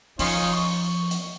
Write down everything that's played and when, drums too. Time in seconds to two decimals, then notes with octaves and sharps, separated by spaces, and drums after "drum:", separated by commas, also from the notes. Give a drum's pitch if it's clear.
0.19 F3 C#4 D#4 F4, drum: open hi-hat
0.53 C#6
1.11 drum: hi-hat